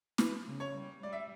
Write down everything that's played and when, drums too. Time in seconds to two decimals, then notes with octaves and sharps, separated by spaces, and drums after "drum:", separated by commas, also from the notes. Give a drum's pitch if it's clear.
0.18 B4, drum: snare
0.47 C#3
0.60 C#5
0.75 G3
1.02 G3 D5
1.13 E5